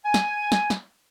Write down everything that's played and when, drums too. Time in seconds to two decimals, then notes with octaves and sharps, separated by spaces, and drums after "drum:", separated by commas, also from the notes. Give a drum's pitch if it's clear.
0.05 G#5
0.14 drum: snare
0.52 drum: snare
0.70 drum: snare